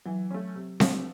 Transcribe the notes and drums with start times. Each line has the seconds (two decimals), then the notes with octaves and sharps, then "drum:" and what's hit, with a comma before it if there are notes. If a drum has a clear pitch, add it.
0.06 E3 F#3
0.31 A3 C#4
0.55 C3
0.80 F3 A3 D4 F#4, drum: snare C4